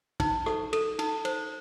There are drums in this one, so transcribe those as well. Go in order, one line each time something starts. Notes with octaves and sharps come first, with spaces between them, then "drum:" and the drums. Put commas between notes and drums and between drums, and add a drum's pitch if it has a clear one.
D#4, drum: kick, cymbal
A4, drum: rim click
A4, drum: cymbal
D#4, drum: cymbal
C5, drum: cymbal